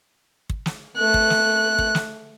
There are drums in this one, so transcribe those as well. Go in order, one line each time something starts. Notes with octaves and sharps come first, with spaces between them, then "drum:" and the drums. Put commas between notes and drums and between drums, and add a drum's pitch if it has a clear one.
drum: kick
drum: snare
A3 F#6
drum: kick
drum: snare
drum: kick
drum: snare